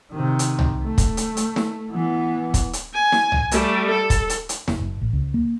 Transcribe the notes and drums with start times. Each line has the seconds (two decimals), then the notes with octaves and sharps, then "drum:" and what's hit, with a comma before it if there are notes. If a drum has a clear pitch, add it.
0.13 C3 D#3
0.39 drum: hi-hat
0.59 drum: tom C2
0.83 A3
0.98 drum: kick, hi-hat
1.17 drum: hi-hat
1.37 drum: hi-hat
1.56 drum: snare
1.91 E3 B3
2.54 drum: kick, hi-hat
2.73 drum: hi-hat
2.94 G#5
3.12 drum: snare
3.32 drum: tom C2
3.51 G3 A3, drum: hi-hat
3.91 A4
4.10 drum: kick, hi-hat
4.30 drum: hi-hat
4.49 drum: hi-hat
4.68 F1, drum: snare
4.80 F#1
5.01 A1
5.13 C#2
5.34 A#3